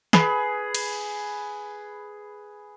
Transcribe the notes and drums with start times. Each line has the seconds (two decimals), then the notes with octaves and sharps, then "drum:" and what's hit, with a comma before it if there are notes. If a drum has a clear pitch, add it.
0.13 G#4 B4, drum: snare
0.75 drum: cymbal